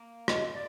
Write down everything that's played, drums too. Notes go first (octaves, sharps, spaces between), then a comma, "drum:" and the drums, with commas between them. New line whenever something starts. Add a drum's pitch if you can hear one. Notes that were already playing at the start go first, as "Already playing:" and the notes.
Already playing: A#3
D#5, drum: rim click
D5